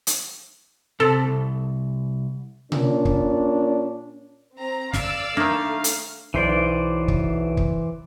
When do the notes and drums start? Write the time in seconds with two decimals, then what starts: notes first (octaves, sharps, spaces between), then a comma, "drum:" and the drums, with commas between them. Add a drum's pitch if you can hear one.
0.07 drum: hi-hat
1.00 C3 A4
1.24 C2
2.72 A#2 C#4 D4, drum: tom B2
3.05 drum: kick
4.55 C4 A#5
4.93 D5 F5 E6, drum: snare
5.37 D#3 A3 A#3 D4
5.84 drum: hi-hat
6.34 B1 E3 C5 D5
7.08 drum: kick
7.57 drum: kick